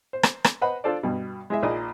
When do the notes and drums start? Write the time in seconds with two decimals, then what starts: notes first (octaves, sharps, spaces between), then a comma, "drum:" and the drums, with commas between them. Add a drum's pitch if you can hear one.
0.13 C5
0.23 drum: rim click
0.44 drum: rim click
0.61 B4 C5 D#5 F#5 B5
0.84 D4 F4 A4 C5 D5
1.03 G2 B2
1.50 G#3 E4 G#4 E5
1.62 A#1 A#2 D#4 G#4 D5 D#5